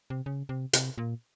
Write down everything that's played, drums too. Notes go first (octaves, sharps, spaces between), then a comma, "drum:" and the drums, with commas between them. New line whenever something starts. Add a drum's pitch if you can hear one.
C3
C#3
C3
C3, drum: hi-hat
A#2